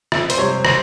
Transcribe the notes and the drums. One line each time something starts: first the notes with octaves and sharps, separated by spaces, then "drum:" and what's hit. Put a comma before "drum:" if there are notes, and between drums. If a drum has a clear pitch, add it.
F2 E5, drum: rim click
C5, drum: hi-hat
C3 G3 C#5
C5, drum: rim click